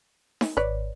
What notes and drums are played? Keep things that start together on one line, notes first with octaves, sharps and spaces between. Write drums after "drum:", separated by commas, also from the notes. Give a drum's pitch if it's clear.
drum: snare D#4
G#1 B4 C#5 D5